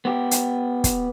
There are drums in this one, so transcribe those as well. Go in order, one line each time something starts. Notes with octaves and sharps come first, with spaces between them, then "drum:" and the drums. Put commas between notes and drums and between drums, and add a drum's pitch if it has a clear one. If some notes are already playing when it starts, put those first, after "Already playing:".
B3 G4
drum: hi-hat
drum: kick, hi-hat